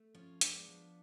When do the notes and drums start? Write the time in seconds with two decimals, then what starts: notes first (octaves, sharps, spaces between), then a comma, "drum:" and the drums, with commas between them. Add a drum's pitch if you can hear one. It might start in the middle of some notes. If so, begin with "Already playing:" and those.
Already playing: A3
0.14 F3 C#4 F4
0.41 G#3 B3 D4, drum: hi-hat
0.69 F3